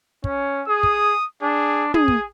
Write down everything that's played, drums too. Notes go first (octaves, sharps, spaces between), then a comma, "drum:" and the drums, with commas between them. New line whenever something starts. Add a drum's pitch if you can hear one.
C#4, drum: kick
G#4 D#6
drum: kick
D4 G#4
G#4 D#6, drum: tom
drum: kick